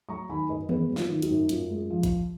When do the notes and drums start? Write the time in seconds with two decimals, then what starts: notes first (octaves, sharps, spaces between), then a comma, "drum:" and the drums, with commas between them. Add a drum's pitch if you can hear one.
0.09 F#3 A#5 C#6
0.29 D#3 G#5 B5
0.49 F#2 B4 D#5
0.69 B3 G#4 B4, drum: tom D#3
0.89 F#3
0.96 F4, drum: snare
1.09 D#3
1.22 D#4 F#4, drum: hi-hat
1.30 F#2
1.49 F#2 F4, drum: hi-hat
1.69 G#3
1.90 F3
2.03 drum: kick, hi-hat